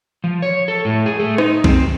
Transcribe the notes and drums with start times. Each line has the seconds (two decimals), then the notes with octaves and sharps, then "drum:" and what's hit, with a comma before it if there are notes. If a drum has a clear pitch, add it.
0.24 F3
0.42 C#5
0.68 A4
0.85 A2
1.06 G#4
1.20 A3
1.38 D#4, drum: rim click
1.64 C4, drum: kick B1